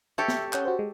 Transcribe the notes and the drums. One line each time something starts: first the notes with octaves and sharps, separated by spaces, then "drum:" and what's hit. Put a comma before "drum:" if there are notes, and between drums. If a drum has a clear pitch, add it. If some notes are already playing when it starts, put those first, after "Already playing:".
G4 A4 C#5 E5
drum: snare
C#4 F#5 G6, drum: clap
F#4 C5
G#3